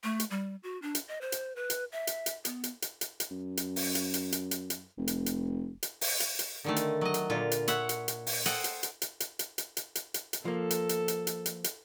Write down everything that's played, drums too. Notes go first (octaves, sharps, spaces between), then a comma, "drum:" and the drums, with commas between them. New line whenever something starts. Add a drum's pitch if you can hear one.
A3
drum: hi-hat
G3
F#4
D4
drum: hi-hat
D#5
C5
drum: hi-hat
B4
drum: hi-hat
E5
drum: hi-hat
drum: hi-hat
B3, drum: hi-hat
drum: hi-hat
drum: hi-hat
drum: hi-hat
drum: hi-hat
F#2
drum: hi-hat
drum: open hi-hat
drum: hi-hat
drum: hi-hat
drum: hi-hat
drum: hi-hat
drum: hi-hat
F1
drum: hi-hat
drum: hi-hat
drum: hi-hat
drum: open hi-hat
drum: hi-hat
drum: hi-hat
D3 D#3 A3
drum: hi-hat
F#3 D#5
drum: hi-hat
A#2 D3 F4
drum: hi-hat
C#5 E5 F#5, drum: hi-hat
drum: hi-hat
drum: hi-hat
drum: open hi-hat
A4 C5 D#5 F#5 G5, drum: hi-hat
drum: hi-hat
drum: hi-hat
drum: hi-hat
drum: hi-hat
drum: hi-hat
drum: hi-hat
drum: hi-hat
drum: hi-hat
drum: hi-hat
drum: hi-hat
F3 A#3 A4
drum: hi-hat
drum: hi-hat
drum: hi-hat
drum: hi-hat
drum: hi-hat
drum: hi-hat